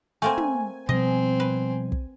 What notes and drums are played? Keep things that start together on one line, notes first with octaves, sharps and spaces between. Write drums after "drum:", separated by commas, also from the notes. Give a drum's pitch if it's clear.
A3 A#3 C4 G#5
drum: tom
B2 F3 G3 C4 D#5
B4
drum: kick